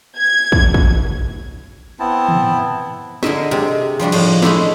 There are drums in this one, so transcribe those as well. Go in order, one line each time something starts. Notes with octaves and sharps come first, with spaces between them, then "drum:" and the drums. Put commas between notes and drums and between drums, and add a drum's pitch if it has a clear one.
G#6
drum: kick
drum: kick
B3 C4 E4 A5
drum: tom
D3 G#4 A#4 D#5 E5, drum: snare
C3 G#3
F3 G3 D4 F#4
A2 F3 D#5, drum: cymbal
G#3 A3 D4 E4, drum: snare